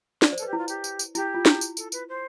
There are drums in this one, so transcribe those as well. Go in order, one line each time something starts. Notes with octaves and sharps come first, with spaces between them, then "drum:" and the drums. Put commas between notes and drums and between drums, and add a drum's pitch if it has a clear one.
F4 D5, drum: snare
C5
A4 B4, drum: tambourine
G4
E4 F4
G4, drum: tambourine
drum: tambourine
drum: tambourine
E4 G4, drum: tambourine
F4
E4, drum: snare
drum: tambourine
A4, drum: tambourine
B4, drum: tambourine
C5